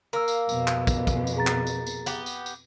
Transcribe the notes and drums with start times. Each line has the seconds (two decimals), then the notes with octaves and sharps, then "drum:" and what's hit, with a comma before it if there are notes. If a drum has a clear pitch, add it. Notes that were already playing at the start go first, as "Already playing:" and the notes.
0.13 A#3 A#4 E6
0.28 drum: tambourine
0.49 F2 B2, drum: tambourine
0.67 drum: clap
0.87 drum: kick, tambourine
1.07 drum: kick, tambourine
1.27 drum: tambourine
1.36 G#4 A#5 A6
1.47 drum: clap
1.67 drum: tambourine
1.87 drum: tambourine
2.06 B3 G4, drum: tambourine
2.26 drum: tambourine
2.46 drum: tambourine